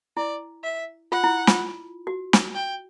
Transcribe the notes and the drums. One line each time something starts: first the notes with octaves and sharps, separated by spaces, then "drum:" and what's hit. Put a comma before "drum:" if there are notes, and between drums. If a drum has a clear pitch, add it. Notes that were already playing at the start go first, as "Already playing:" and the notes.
E4 D5
E5
F4 F#5
E4
F4, drum: snare
F#4
drum: snare
G5